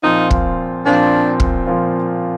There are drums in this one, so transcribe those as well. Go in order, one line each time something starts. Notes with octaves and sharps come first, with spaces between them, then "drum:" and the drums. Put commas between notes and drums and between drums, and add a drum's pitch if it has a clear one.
A#2 F3 C4 D#4 F4
drum: kick
A#2 F3 C4 D4 F4
drum: kick
A#2 F3 C4 F4